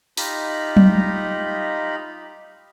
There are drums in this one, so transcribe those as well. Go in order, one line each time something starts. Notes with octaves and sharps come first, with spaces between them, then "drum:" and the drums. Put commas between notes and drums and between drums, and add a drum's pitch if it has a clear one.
D#4 F4 G4 D#5 A#5 B5, drum: open hi-hat
drum: tom F#3